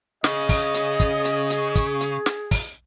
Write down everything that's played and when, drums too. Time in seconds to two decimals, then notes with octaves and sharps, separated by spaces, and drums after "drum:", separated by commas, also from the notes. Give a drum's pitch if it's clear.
0.24 C#3 G#4 D#5, drum: snare
0.49 drum: kick, open hi-hat
0.74 drum: hi-hat
1.00 drum: kick, hi-hat
1.25 drum: hi-hat
1.50 drum: hi-hat
1.75 drum: kick, hi-hat
2.01 drum: hi-hat
2.26 drum: snare
2.51 drum: kick, open hi-hat